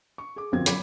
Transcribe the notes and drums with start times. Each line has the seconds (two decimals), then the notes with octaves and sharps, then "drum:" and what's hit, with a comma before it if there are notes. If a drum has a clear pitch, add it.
0.18 C#6
0.36 G#4 D6
0.52 G1 F2 A#3 C4 F#4 G#6
0.66 F#2 B5 D6, drum: hi-hat